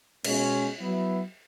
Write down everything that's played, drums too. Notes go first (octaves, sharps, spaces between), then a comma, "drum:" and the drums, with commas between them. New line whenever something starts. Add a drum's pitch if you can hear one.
B2 G#3 C#4, drum: cymbal
F#3 B3 E4